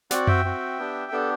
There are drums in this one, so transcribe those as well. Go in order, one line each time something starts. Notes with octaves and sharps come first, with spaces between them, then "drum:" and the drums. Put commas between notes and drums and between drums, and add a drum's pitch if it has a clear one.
C4 F#4 D5 F#5, drum: snare
E5 G5, drum: tom F#2
C4 F#4
B3 D4 G4
B3 D4 G4 A4